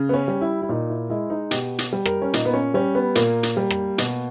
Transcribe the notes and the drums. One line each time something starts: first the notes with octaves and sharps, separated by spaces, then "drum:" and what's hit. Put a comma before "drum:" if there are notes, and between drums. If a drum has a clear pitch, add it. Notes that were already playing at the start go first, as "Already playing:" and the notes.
Already playing: C#3
B3
C#4
G3
E4
E4
A#2 D#4
E4
G#3 E4
D#4
B2 G4, drum: hi-hat
drum: hi-hat
G3
A#4, drum: rim click
C#4
A#2 D#4, drum: hi-hat
B3
C#4
G3 C#4
B3
A#2 A#3, drum: hi-hat
drum: hi-hat
G3
drum: rim click
B2, drum: hi-hat